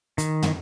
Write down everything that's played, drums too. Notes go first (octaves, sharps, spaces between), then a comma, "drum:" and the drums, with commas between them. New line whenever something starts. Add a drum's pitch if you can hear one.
D#3, drum: hi-hat
drum: tom